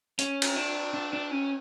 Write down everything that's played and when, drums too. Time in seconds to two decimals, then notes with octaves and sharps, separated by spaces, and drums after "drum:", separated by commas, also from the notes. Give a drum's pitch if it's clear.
0.19 C#4, drum: hi-hat
0.42 drum: cymbal
0.56 D4
0.94 D4
1.13 D4
1.31 C#4